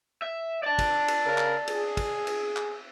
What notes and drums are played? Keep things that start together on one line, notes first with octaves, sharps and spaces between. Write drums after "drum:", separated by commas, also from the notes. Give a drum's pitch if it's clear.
E5
D5 A5
drum: kick, cymbal
drum: cymbal
C#3 A#4
drum: clap
G#4, drum: cymbal
drum: kick, cymbal
drum: cymbal
drum: clap